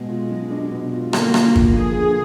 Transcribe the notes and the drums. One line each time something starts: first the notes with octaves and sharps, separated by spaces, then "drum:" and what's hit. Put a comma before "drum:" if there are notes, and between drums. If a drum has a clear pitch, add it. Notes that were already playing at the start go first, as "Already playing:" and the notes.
Already playing: B2 G#3
F4
F#3
D4
B2
F4
D3 A#3, drum: rim click
F4, drum: rim click
F3, drum: kick
A#3 G#4
D3